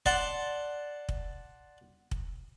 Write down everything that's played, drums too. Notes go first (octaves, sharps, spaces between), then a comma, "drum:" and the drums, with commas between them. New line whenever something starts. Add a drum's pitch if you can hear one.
D5 F#5 A5 C6, drum: kick
drum: kick
drum: kick